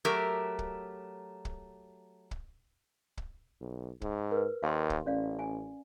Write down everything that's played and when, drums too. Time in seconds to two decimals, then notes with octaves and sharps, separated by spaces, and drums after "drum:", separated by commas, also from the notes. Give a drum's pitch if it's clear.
0.05 F#3 A3 G4 A#4
0.59 drum: kick
1.45 drum: kick
2.31 drum: kick
3.17 drum: kick
3.61 B1
4.02 G#2, drum: kick
4.31 A#4 B4
4.63 D#2 F5 C6
4.90 drum: kick
5.06 A1 C#4 D5 F5
5.39 G#5